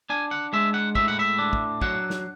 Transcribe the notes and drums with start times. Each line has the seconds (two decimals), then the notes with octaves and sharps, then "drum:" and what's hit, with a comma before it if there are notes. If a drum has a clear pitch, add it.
0.10 D4 G#5
0.31 F#5
0.53 G#3 E5
0.74 F#5
0.95 A2 E5, drum: kick
1.08 F#5
1.19 E5
1.38 D4
1.53 drum: kick
1.82 F#3 F#5, drum: kick
2.10 drum: snare